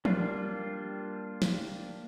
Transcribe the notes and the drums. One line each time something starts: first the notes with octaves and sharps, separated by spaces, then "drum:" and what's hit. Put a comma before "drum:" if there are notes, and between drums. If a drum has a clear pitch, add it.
G3 A#3 D4 F4, drum: tom E3
drum: snare